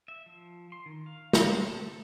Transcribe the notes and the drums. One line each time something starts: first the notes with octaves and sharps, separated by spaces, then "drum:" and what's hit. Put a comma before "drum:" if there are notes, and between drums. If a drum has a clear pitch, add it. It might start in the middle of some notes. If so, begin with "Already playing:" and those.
E5
F3
C6
D#3
F5
F#4, drum: snare
C5
A4
A4